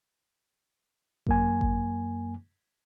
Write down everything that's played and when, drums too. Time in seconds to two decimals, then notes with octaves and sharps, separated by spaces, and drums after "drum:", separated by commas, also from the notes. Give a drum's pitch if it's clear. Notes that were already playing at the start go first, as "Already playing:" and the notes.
1.27 F#2 A#3 G#5, drum: kick G#1
1.61 drum: kick G#1